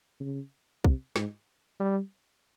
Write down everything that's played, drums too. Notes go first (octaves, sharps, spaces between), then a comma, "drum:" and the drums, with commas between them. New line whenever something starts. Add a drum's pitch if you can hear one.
C#3
C3, drum: kick
G#2, drum: snare
G3